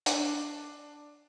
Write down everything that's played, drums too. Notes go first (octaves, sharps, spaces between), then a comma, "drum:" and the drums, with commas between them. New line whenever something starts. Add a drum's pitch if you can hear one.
D4, drum: hi-hat